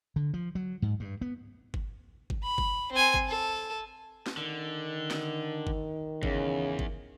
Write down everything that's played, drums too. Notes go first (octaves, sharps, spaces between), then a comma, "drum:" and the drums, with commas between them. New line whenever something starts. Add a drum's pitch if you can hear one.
D3
F3
F#3
G#2
G2
B3
drum: kick G1
drum: kick G1
B5
drum: kick G1
C4 G#5
drum: kick G1
A4
drum: snare
D3 D#3
drum: snare
drum: kick G1
E2 C#3, drum: kick G1
drum: kick G1